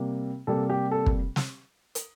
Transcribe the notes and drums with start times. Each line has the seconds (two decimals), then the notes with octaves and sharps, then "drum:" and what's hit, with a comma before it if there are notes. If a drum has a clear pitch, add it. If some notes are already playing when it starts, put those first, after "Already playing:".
Already playing: C3 G3 A#3
0.47 C3 G3 A#3 A4
0.70 G4
0.91 A4
1.06 drum: kick
1.36 drum: snare
1.95 drum: hi-hat